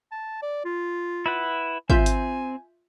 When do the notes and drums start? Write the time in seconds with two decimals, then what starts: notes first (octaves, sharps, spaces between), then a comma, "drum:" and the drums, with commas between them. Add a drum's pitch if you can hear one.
0.12 A5
0.42 D5
0.65 F4
1.26 E4 B4 F#5
1.90 C4 F4 E5 G#5 G6, drum: kick G#1
2.06 drum: hi-hat